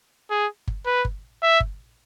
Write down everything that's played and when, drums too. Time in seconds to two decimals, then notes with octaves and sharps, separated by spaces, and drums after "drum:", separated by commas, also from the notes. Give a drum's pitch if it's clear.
0.30 G#4
0.68 drum: kick G1
0.86 B4
1.05 drum: kick G1
1.42 E5
1.60 drum: kick G1